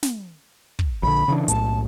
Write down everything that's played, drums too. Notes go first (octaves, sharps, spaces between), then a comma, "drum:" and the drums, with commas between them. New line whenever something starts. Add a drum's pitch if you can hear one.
drum: snare
drum: kick
A#1 D3 B5
C#3 E3 D4
B1 A2 A5, drum: hi-hat